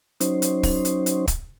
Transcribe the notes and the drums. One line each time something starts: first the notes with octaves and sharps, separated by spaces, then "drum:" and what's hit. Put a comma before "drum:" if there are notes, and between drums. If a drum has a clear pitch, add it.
F#3 C#4 D#4 C5, drum: hi-hat
drum: hi-hat
drum: kick, open hi-hat
drum: hi-hat
drum: hi-hat
drum: kick, hi-hat